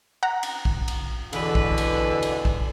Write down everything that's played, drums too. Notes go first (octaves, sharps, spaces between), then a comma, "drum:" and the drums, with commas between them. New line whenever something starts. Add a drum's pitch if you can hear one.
F#5 A#5
drum: cymbal
drum: kick A#1
drum: cymbal
E2 B2 D3 E3 B4, drum: cymbal
drum: kick A#1
drum: cymbal
drum: cymbal
drum: kick A#1